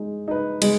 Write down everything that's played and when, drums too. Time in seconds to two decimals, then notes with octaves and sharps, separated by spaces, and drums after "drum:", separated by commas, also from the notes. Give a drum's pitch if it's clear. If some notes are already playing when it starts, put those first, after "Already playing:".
Already playing: G#3 D#4
0.28 D#4 B4
0.62 G#3, drum: cymbal